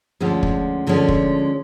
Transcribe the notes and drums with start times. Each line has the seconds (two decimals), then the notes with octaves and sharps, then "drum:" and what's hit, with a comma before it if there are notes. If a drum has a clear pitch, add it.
0.20 D2 D3 F3 G#3 C#4
0.43 drum: kick
0.87 D2 D3 F3 G#3 C#4
1.08 drum: kick